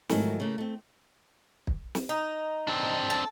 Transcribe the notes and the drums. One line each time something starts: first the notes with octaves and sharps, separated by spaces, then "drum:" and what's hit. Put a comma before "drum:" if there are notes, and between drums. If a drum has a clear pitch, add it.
G#2 D#3 F3 F#3 A3 E4, drum: snare
C#3 A3 A#3
A3 C4
drum: kick
drum: snare
D#4
C4 D4
A4